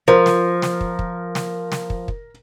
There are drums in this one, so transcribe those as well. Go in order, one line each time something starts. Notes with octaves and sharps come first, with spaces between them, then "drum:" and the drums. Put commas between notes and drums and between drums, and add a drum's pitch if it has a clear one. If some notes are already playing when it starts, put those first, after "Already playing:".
F3 A#4
drum: snare
drum: snare
drum: kick
drum: kick
drum: snare
drum: snare
drum: kick
drum: kick